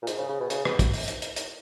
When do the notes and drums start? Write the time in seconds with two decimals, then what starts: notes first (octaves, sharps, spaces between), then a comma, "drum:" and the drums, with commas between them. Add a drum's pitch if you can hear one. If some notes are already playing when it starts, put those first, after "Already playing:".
0.02 A#2
0.07 G#2, drum: hi-hat
0.18 C#3
0.29 C#3
0.40 B2
0.50 C#3, drum: hi-hat
0.65 B2, drum: rim click
0.79 drum: kick, hi-hat
0.94 drum: open hi-hat
1.08 drum: hi-hat
1.22 drum: hi-hat
1.36 drum: hi-hat